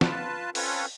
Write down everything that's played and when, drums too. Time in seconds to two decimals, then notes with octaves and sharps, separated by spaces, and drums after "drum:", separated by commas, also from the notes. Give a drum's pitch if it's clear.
0.01 F4 B4 A5, drum: snare
0.55 C4 C#4 F4 A4 B4 C#5, drum: open hi-hat